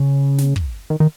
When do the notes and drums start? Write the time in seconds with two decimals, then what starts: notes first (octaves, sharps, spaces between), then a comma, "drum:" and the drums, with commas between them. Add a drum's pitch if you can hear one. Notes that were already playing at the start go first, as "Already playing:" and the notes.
Already playing: C#3
0.38 drum: snare
0.56 drum: kick
0.90 D#3
1.00 D#3